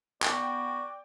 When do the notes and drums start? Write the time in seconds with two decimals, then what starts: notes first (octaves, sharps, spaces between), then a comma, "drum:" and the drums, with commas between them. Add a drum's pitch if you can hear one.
0.22 B3 F#4 D5 G5, drum: clap